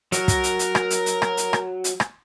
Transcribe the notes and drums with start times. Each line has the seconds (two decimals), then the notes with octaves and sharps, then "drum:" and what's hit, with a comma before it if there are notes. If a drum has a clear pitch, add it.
0.12 F#3 A#4, drum: hi-hat
0.28 drum: kick, hi-hat
0.44 drum: hi-hat
0.59 drum: hi-hat
0.75 drum: rim click
0.90 drum: hi-hat
1.06 drum: hi-hat
1.22 drum: rim click
1.37 drum: hi-hat
1.53 drum: rim click
1.84 drum: hi-hat
2.00 drum: rim click